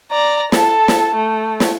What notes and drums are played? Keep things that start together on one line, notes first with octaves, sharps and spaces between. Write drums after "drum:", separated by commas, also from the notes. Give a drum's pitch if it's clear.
D5 A#5
A4 A5, drum: snare
drum: snare
A3
drum: snare